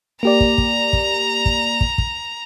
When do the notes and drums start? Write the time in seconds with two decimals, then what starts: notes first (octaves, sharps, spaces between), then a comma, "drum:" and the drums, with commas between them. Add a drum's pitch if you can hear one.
0.23 A#3 G4 D5 A#5
0.40 drum: kick
0.58 drum: kick
0.93 drum: kick
1.46 drum: kick
1.81 drum: kick
1.98 drum: kick